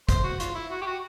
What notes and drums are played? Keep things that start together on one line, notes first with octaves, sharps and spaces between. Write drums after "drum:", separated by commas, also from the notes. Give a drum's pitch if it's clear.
C5, drum: kick, hi-hat
F#4
F4, drum: hi-hat
E4
F#4
G4
F#4